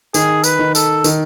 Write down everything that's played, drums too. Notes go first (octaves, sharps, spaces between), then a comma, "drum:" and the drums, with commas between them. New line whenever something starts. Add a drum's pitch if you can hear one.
D#3 G#4, drum: tambourine
B4, drum: tambourine
D#3
A4, drum: tambourine
D#3, drum: tambourine